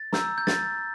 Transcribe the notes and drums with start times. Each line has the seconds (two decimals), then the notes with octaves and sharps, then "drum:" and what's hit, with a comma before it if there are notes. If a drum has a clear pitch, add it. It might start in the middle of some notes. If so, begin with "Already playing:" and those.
Already playing: A6
0.13 A#5 E6 G6, drum: snare
0.38 G6
0.47 A6, drum: snare